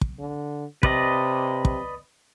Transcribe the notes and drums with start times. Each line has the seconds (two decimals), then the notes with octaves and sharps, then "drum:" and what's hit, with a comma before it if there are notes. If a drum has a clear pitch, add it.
0.01 drum: kick
0.19 D3
0.83 C3 B4 D5 D#5, drum: kick
1.65 drum: kick